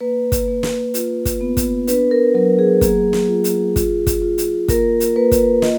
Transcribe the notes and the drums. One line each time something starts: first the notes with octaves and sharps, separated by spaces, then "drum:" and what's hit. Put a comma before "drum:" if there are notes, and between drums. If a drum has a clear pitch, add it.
A#3 B4
drum: kick, hi-hat
A#3
drum: snare
F4, drum: hi-hat
drum: kick, hi-hat
B3
drum: kick, hi-hat
D4 B4, drum: hi-hat
A#4
F#3 A#4
G#4
A#3 G#4, drum: kick, hi-hat
drum: snare
F4
drum: hi-hat
F4, drum: kick, hi-hat
drum: kick, hi-hat
F4
drum: hi-hat
A#3 A#4, drum: kick, hi-hat
drum: hi-hat
A#3 B4
drum: kick, hi-hat
F4 D#5, drum: snare